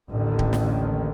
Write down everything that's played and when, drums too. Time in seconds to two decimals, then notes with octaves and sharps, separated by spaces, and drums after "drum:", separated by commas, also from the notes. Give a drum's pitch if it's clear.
0.11 A1 D#2 D3 D#3
0.39 drum: kick D1
0.53 drum: snare